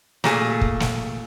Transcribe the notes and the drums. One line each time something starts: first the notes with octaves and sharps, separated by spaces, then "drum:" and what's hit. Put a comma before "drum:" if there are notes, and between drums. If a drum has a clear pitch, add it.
A#2 A3 G#4, drum: snare
drum: kick
drum: snare